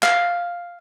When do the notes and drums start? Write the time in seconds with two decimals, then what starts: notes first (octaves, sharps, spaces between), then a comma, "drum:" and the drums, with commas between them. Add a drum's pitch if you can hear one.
0.03 F5, drum: clap